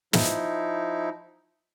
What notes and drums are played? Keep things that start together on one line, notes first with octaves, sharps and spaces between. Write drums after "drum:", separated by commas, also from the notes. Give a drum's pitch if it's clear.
F3 D#4 E4, drum: snare